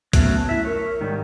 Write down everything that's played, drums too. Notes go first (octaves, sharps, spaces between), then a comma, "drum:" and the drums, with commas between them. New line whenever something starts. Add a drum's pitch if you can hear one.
F#3 A3 B3 C#4, drum: kick B1, hi-hat
E4 E5
A#4 C#5
G#2 D#3 G3